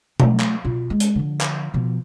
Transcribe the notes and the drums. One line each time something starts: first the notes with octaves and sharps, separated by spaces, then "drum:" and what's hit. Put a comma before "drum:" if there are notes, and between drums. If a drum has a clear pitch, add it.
G3 A3, drum: tom B2
drum: clap
B2 F4
G#3
drum: hi-hat
D3 F3
drum: clap
B2 F3